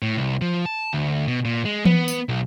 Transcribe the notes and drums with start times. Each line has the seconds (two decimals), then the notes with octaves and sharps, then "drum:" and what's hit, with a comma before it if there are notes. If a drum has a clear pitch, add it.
0.02 A2
0.18 C2
0.42 F3
0.66 A5
0.93 D2
1.28 B2
1.45 A#2
1.65 G#3
1.85 B3, drum: tom E3
2.08 drum: tambourine
2.29 B1